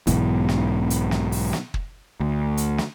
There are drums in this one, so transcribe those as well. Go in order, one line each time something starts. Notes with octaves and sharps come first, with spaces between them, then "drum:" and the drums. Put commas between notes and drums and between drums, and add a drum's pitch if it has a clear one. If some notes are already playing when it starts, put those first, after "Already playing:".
B1 G#2 B2 E3, drum: kick, hi-hat
drum: snare
drum: hi-hat
drum: snare
drum: open hi-hat
drum: snare
drum: kick
D2
drum: hi-hat
drum: snare